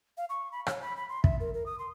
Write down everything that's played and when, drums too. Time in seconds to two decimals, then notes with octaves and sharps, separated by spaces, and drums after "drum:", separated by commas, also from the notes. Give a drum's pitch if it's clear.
0.18 F5
0.29 C#6
0.52 B5
0.67 C#5, drum: rim click
0.82 B5
0.96 B5
1.09 C6
1.24 E5, drum: kick
1.40 A#4
1.54 A#4
1.66 D#6
1.79 C6